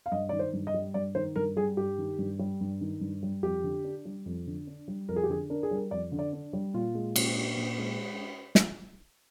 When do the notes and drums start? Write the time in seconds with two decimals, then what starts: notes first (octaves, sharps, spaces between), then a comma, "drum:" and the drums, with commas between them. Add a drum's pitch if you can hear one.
0.06 F5
0.12 G2 D#5
0.29 D#3 D5
0.39 C5
0.53 G2
0.67 D#5
0.74 G3
0.94 G2 D5
1.15 D#3 C5
1.36 G2 A#4
1.56 G3 G#4
1.77 G2 G4
1.98 D#3
2.19 G2
2.39 G3
2.61 G2
2.81 D#3
3.01 G2
3.23 G3
3.43 F2 G4
3.64 D3
3.84 D4
4.05 G3
4.26 F2
4.47 D3
4.67 D4
4.88 G3
5.09 F2 A#4
5.16 G#4
5.23 G4
5.30 D3 G#4
5.50 D4 A#4
5.63 G#4
5.71 G3 A#4
5.91 F2 D5
6.12 D3
6.19 D5
6.33 D4
6.53 G3
6.74 A#2 F4
6.95 G#3
7.16 A#2, drum: cymbal
7.37 D4
7.57 A#2
7.78 G#3
8.55 drum: snare